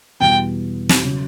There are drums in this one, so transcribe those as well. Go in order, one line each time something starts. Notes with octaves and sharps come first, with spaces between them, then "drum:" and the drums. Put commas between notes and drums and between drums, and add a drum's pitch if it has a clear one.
E2 B2 G3 B3 G5
drum: snare
C#3 F#3